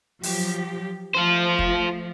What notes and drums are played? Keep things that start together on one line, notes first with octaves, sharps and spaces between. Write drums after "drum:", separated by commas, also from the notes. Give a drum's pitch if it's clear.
F3 F#3 G4, drum: open hi-hat
F3 A3 F4 C5
drum: kick